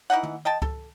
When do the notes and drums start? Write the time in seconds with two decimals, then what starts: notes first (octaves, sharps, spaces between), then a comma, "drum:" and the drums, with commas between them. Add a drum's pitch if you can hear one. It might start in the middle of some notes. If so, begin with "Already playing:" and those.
0.10 E3 D#4 D#5 F#5
0.23 drum: tom
0.45 D#5 G5 A5
0.62 A4, drum: kick C#2